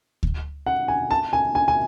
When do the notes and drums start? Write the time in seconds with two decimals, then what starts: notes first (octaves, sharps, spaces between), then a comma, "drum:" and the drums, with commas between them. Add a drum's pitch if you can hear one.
0.23 drum: kick D2
0.66 F#5
0.88 G#5
1.11 A5
1.33 G#5
1.55 G#5
1.68 G#5